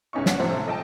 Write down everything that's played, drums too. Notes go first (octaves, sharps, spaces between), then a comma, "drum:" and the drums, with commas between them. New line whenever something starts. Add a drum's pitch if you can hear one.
C#2 C#3 C#4 D#4 E4 C#6
C#5 F#5, drum: snare
A2 C3 F3 E4
A4 D#5 G5 A5